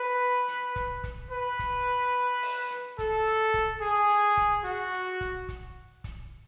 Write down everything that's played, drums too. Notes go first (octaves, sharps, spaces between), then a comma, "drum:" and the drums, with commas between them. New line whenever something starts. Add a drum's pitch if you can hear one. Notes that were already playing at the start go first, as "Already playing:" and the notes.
Already playing: B4
drum: hi-hat
drum: kick, hi-hat
drum: kick, hi-hat
B4
drum: kick, hi-hat
drum: open hi-hat
drum: hi-hat
A4, drum: kick, hi-hat
drum: hi-hat
drum: kick, hi-hat
G#4
drum: hi-hat
drum: kick, hi-hat
F#4, drum: hi-hat
drum: hi-hat
drum: kick, hi-hat
drum: kick, hi-hat
drum: kick, hi-hat